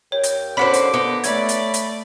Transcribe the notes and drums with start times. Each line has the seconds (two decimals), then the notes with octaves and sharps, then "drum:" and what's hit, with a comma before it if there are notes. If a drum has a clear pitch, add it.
0.12 D#2 C#5 G5
0.23 drum: hi-hat
0.57 D#2 D3 C#4 F#4 C5 B5 D6 B6
0.74 drum: hi-hat
0.94 B3 D#4
1.24 A3 C#5 D5 E5 B5 G#6, drum: hi-hat
1.49 drum: hi-hat
1.74 drum: hi-hat